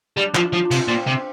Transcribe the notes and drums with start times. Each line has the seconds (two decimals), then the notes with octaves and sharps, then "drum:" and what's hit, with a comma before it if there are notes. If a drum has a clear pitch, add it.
0.16 G3 D4
0.35 F3, drum: clap
0.40 F4
0.53 F3
0.65 D4
0.71 C3, drum: cymbal
0.88 A#2 C4
1.07 C3